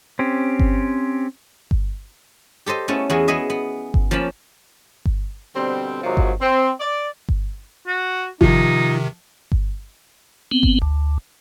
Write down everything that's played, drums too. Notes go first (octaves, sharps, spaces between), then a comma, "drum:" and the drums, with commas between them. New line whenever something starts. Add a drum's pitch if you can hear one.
C4 C#4 G4
drum: kick G1
drum: kick G1
G4 A4 C5 D#5
A3 B3 C#4 E4 A4
E2 B3 E4 F#4 G#4
B3 E4 G#4 D#5 E5
B3
drum: kick G1
F3 A#3 C#4 A5 B5
drum: kick G1
B2 D3 G3 C4
G#2 C3 D#3 F3 F#3
drum: kick G1
C4
D5
drum: kick G1
F#4
C3 D#3 F3 D#4, drum: kick G1
drum: kick G1
B3 C4
drum: kick G1
D2